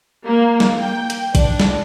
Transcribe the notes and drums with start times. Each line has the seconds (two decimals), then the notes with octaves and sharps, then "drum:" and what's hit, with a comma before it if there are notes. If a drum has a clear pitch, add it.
0.25 A#3
0.60 drum: snare
0.79 G5
1.10 drum: hi-hat
1.35 D4, drum: kick, hi-hat
1.60 drum: snare